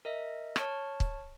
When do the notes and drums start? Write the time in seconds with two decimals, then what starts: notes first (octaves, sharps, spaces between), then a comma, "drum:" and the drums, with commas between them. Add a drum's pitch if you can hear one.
0.05 A#4 D#5 E5
0.56 C#5 A5 C#6 F6, drum: rim click
1.00 drum: kick